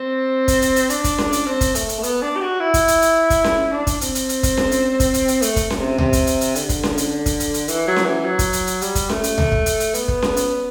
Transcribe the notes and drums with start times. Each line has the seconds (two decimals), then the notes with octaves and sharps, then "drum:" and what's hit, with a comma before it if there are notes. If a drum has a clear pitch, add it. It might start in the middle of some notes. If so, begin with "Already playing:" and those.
Already playing: C4
0.48 drum: kick, hi-hat
0.62 drum: hi-hat
0.76 drum: hi-hat
0.90 D4, drum: hi-hat
1.04 drum: kick, hi-hat
1.18 drum: snare C#4
1.33 drum: hi-hat
1.46 C4
1.61 drum: kick, hi-hat
1.75 A3, drum: hi-hat
1.89 drum: hi-hat
1.99 A3
2.03 B3, drum: hi-hat
2.22 D4
2.36 G4
2.41 F#4
2.60 E4
2.74 drum: kick, hi-hat
2.88 drum: hi-hat
3.02 drum: hi-hat
3.30 drum: kick, hi-hat
3.44 drum: snare C#4
3.72 D4
3.87 drum: kick, hi-hat
4.01 C4, drum: hi-hat
4.15 drum: hi-hat
4.29 drum: hi-hat
4.43 drum: kick, hi-hat
4.57 drum: snare C#4
4.72 drum: hi-hat
5.00 drum: kick, hi-hat
5.14 drum: hi-hat
5.28 drum: hi-hat
5.42 A3, drum: hi-hat
5.56 drum: kick, hi-hat
5.70 drum: snare C#4
5.79 C3
5.98 C3, drum: tom C#2
6.13 drum: kick, hi-hat
6.27 drum: hi-hat
6.41 drum: hi-hat
6.55 D3, drum: hi-hat
6.69 drum: kick, hi-hat
6.83 drum: snare C#4
6.98 drum: hi-hat
7.26 drum: kick, hi-hat
7.40 drum: hi-hat
7.54 drum: hi-hat
7.68 E3, drum: hi-hat
7.87 F#3
7.96 drum: snare C#4
8.06 E3
8.25 F#3
8.39 drum: kick, hi-hat
8.53 drum: hi-hat
8.67 drum: hi-hat
8.82 G3, drum: hi-hat
8.95 drum: kick, hi-hat
9.10 A3, drum: snare C#4
9.24 drum: hi-hat
9.38 drum: tom C#2
9.52 drum: kick
9.66 drum: hi-hat
9.80 drum: hi-hat
9.94 B3, drum: hi-hat
10.08 drum: kick
10.22 drum: snare C#4
10.37 drum: hi-hat